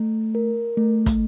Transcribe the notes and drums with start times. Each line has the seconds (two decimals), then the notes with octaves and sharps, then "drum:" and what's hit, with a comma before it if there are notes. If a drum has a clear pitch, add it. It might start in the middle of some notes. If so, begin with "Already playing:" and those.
Already playing: A3
0.35 A#4
0.77 A3
1.06 drum: kick, hi-hat